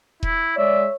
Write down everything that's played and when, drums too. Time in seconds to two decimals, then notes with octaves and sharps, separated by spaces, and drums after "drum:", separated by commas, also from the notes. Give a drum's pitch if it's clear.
0.23 E4, drum: kick E1
0.57 G#3 C#5 D5 E5